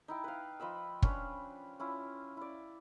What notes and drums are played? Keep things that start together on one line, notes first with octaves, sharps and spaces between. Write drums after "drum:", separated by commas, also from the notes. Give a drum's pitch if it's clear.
D#4 E4 G5
B4 F5
F3 D#5 B5 E6
C#4 D4 B4, drum: kick
C#4 E4 F4
E4 D5